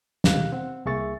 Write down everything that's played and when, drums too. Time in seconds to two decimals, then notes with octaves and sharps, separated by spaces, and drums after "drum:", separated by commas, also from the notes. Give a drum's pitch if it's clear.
0.24 B2 D#3 G4 F5 F#6, drum: snare
0.52 C4 F#5
0.85 C2 A#3 G#4 E5 C#6 A6